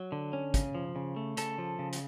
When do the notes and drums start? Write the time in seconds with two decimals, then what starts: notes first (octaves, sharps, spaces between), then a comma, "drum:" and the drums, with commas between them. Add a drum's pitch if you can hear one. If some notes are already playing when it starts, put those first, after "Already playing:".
Already playing: F#3
0.12 D3
0.33 C#4
0.54 C#3, drum: kick, hi-hat
0.75 F3
0.96 C#3
1.16 A3
1.37 C#3 A4, drum: hi-hat
1.58 F3
1.79 C#3
1.93 drum: hi-hat